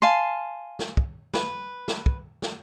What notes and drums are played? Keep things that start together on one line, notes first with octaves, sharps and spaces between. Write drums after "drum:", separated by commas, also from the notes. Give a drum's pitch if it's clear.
F5 G#5 A5 C6
drum: snare
drum: kick
B4, drum: snare
drum: snare
drum: kick
drum: snare